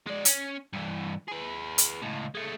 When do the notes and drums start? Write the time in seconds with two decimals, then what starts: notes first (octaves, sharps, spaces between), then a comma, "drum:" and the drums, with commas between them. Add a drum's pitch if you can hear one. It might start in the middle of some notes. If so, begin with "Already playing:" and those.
0.07 G#3 D5
0.25 C#4, drum: hi-hat
0.73 G2 E3
1.28 G#4 B4
1.78 drum: hi-hat
2.02 C#2 A2
2.35 G#3 A3